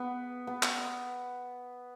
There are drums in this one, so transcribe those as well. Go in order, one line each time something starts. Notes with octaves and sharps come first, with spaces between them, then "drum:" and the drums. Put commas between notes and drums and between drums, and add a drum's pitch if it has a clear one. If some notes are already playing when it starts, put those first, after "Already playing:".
Already playing: B3
B3
drum: clap